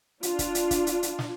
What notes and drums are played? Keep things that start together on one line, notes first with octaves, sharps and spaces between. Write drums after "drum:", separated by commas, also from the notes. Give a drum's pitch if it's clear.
D4 F4, drum: hi-hat
drum: kick, hi-hat
drum: hi-hat
drum: kick, hi-hat
drum: hi-hat
drum: hi-hat
drum: snare